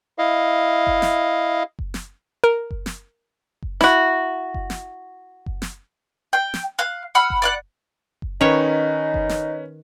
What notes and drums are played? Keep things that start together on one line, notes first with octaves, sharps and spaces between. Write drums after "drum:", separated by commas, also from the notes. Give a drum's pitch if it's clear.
E4 D#5 F5
drum: kick F#1
drum: snare
drum: kick F#1
drum: snare
A#4
drum: kick F#1
drum: snare
drum: kick F#1
E4 F#4, drum: snare
drum: kick F#1
drum: snare
drum: kick F#1
drum: snare
G5
drum: snare
F5 F#6
F#5 B5 E6 F6
drum: kick F#1
D5 F5 F#5
drum: kick F#1
D#3 C#4 D#4 B4 C#5
drum: kick F#1
drum: snare